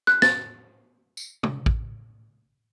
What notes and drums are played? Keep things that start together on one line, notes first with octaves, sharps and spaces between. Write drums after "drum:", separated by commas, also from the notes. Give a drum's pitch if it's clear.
F#6, drum: rim click
A6, drum: snare
drum: tambourine
drum: tom
drum: kick